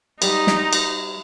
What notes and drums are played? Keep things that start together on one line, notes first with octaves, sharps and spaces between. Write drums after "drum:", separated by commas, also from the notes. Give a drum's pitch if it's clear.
G3 B3 D#4, drum: cymbal
drum: snare
drum: cymbal